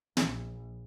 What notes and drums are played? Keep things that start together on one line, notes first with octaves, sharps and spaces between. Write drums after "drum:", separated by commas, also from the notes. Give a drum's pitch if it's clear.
A#1, drum: snare